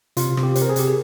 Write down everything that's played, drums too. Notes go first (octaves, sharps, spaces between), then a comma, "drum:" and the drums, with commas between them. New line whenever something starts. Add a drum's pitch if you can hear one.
C3 F4, drum: hi-hat
C3, drum: rim click
G4
C3 C5, drum: hi-hat
A#4
G#4
C3 G4, drum: hi-hat
G#4